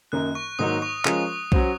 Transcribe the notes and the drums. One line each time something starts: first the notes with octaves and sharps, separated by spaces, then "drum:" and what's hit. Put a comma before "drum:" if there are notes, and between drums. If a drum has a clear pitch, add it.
F#2 D#3 A#3 D#4 A#4 F#6
C#6
G#2 D#3 F#3 A#3 D#4 D#6
C#6
F3 G#3 C#4 F4 A#4 D#6, drum: clap
F#3 C#4 F#4 C5, drum: kick B1